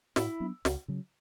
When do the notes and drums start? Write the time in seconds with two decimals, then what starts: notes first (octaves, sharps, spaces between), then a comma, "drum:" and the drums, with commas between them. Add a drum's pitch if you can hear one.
0.16 A2 E4, drum: snare
0.40 F#3 B3 D4
0.65 C#2, drum: snare
0.88 C#3 F#3